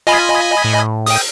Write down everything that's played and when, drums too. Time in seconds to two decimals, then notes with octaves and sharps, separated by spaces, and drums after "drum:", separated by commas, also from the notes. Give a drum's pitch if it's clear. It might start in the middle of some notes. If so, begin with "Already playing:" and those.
0.07 F4 D#5 G#5 B5
0.64 A2
1.06 G5 D#6, drum: open hi-hat